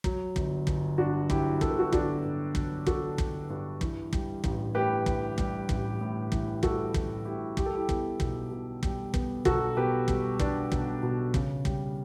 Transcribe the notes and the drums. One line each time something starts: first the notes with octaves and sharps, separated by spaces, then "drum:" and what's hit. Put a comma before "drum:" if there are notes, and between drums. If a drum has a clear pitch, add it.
F#3, drum: kick
G1, drum: kick
G1, drum: kick
G2 D4 F#4
F#3 E4 G4, drum: kick
G1 A4, drum: kick
B4
F#4 A4
G1 D4 F#4, drum: kick
G2
F#3, drum: kick
G1 F#4 A4, drum: kick
G1, drum: kick
G2
E3, drum: kick
G3, drum: kick
A1, drum: kick
A2 G4 B4
E3, drum: kick
G3, drum: kick
A1, drum: kick
A2
E3, drum: kick
G3 F#4 A4, drum: kick
A1, drum: kick
A2 E4 G4
G3 G4, drum: kick
A4
E4 G4
B3, drum: kick
B1, drum: kick
B2
G3, drum: kick
B3, drum: kick
B1 F#4 A4, drum: kick
B2 G4 B4
G3, drum: kick
B3 D4, drum: kick
B1, drum: kick
B2
C#3, drum: kick
G3, drum: kick